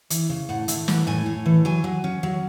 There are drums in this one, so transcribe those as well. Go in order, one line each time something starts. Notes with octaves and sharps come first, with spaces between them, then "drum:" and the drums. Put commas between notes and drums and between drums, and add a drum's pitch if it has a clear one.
E3, drum: hi-hat
C#3
A2 F#5
A2 E5, drum: hi-hat
E3 F#5, drum: snare
A2 G#5
A2
E3
F#3 G#5
F#3
C#4
F#3